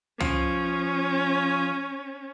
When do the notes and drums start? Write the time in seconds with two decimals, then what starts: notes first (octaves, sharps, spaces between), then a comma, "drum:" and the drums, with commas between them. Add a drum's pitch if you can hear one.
0.20 F3 C#4, drum: tom